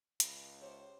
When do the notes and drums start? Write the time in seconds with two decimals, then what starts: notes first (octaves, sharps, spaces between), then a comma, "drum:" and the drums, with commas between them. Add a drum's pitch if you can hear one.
0.20 C#2 B5, drum: hi-hat
0.60 G4 C5 C#5 E5